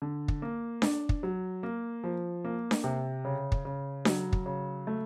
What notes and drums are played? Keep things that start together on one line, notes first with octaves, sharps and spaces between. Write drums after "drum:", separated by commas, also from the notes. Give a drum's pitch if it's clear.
D3
drum: kick
A#3
D4, drum: snare D4
drum: kick
F#3
A#3
F3
A#3
drum: snare D4
C3
C#3
drum: kick
C#3
F#3, drum: snare D4
drum: kick
C#3
A3